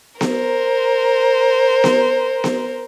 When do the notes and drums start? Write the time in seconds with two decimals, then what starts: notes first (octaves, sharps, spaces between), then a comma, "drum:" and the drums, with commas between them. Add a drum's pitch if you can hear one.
0.21 A#4 C5, drum: snare B3
1.84 drum: snare B3
2.44 drum: snare B3